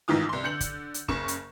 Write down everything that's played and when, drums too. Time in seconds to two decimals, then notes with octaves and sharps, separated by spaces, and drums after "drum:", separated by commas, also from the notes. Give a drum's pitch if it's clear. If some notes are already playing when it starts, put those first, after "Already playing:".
0.08 A1 G#2 D#3 E3 F4 D#6
0.29 C2 C6
0.44 D3 G6 C#7 F#7
0.60 drum: kick, hi-hat
0.94 drum: hi-hat
1.08 F#1 C#3 C#6 E7, drum: kick
1.28 drum: hi-hat